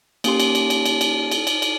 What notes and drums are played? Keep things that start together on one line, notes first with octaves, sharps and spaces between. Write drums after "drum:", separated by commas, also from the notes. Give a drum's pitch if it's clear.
A#3 C#4 G4 C6, drum: cymbal
drum: cymbal
drum: cymbal
drum: cymbal
drum: cymbal
drum: cymbal
drum: cymbal
drum: cymbal
drum: cymbal